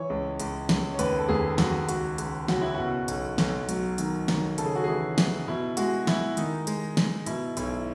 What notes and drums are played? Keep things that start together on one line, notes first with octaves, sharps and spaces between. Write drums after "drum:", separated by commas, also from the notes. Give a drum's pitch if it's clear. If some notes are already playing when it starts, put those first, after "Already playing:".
Already playing: E3 C#5
C#2
C#2, drum: hi-hat
C#2, drum: snare
C#5
D#2 B4, drum: hi-hat
A4
D#2 G#4
D#2 F#4, drum: snare
C#2 F#4, drum: hi-hat
C#2, drum: hi-hat
C#3 F#4, drum: snare
E4
B2 F#4
B1, drum: hi-hat
B1, drum: snare
F#3, drum: hi-hat
D#3, drum: hi-hat
D#3, drum: snare
C#3 A4, drum: hi-hat
G#4
F#4
E3 G#4
E3, drum: snare
B2 E4
G#3 F#4, drum: hi-hat
G#3 E4, drum: snare
D#3 D#4, drum: hi-hat
G#3, drum: hi-hat
G#3, drum: snare
B2 E4, drum: hi-hat
B1 E4, drum: hi-hat